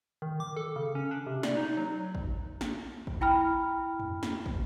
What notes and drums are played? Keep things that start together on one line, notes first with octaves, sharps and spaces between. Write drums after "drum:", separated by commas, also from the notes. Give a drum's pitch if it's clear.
D#3
D6
A4
C#3
C#4
D4
C3
D5, drum: snare
D#4
F#3
drum: kick
drum: snare
drum: kick
E4 G5 B5 F6
drum: tom E2
drum: snare
drum: kick